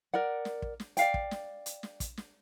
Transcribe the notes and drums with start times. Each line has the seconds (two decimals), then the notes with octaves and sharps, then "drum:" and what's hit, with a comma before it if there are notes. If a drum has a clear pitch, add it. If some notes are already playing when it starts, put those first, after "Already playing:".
0.14 A#4 D5 F#5
0.45 drum: snare
0.62 drum: kick
0.80 drum: snare
0.97 D5 F5 G5, drum: hi-hat
1.14 drum: kick
1.31 drum: snare
1.66 drum: hi-hat
1.83 drum: snare
2.00 drum: kick, hi-hat
2.17 drum: snare